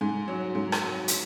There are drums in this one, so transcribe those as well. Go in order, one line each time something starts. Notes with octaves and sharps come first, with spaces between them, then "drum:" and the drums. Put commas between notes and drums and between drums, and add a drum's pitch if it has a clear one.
G#2 G#5
F#3
G#2
drum: rim click
F#3
drum: hi-hat